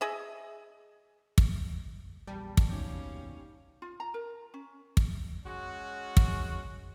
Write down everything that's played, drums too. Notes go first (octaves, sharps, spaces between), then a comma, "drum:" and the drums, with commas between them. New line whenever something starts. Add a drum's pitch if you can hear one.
G#4 D#5 E5
drum: kick
A#1 E2 G3 A5
drum: kick
D#2 B2 C#4 D#4 F5 D6 G6
F4
A#5
A#4
C#4
drum: kick
G#3 C#4 F#4
drum: kick